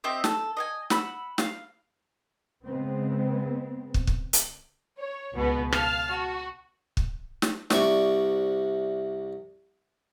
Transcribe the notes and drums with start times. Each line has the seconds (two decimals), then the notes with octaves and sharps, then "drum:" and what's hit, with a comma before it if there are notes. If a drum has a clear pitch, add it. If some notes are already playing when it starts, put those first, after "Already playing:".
0.04 C4 G4 D#5 E5
0.24 A4, drum: snare
0.57 D#5 F#5 G#5
0.90 F#5 B5 E6, drum: snare
1.38 F5, drum: snare
2.66 C#3 G#3 B3 C4
3.94 drum: kick
4.07 drum: kick
4.33 drum: hi-hat
4.99 C#5
5.34 C#2 B2 B3
5.72 F5 A5 F6, drum: rim click
6.10 F#4
6.97 drum: kick
7.42 drum: snare
7.70 C2 C3 D5 C#6, drum: snare